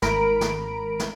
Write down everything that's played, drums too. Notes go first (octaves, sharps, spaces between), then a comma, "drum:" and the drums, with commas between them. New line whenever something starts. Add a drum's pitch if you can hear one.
G#1 A#4 A#5 B5 D7, drum: snare
drum: snare
drum: snare